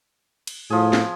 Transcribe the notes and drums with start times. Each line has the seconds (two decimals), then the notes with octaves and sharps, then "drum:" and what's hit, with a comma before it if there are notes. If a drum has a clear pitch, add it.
0.47 drum: cymbal
0.70 A2 F3 G#4
0.93 drum: snare